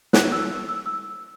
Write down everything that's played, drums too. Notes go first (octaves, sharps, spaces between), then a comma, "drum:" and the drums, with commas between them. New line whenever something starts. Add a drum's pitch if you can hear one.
F#6, drum: snare
E6
E6
E6